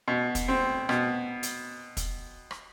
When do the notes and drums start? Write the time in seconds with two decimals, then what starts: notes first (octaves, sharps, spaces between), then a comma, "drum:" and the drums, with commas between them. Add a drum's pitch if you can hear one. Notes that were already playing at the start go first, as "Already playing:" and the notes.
0.08 B2
0.35 drum: kick, hi-hat
0.48 C4
0.89 B2, drum: rim click
1.43 drum: hi-hat
1.97 drum: kick, hi-hat
2.51 drum: rim click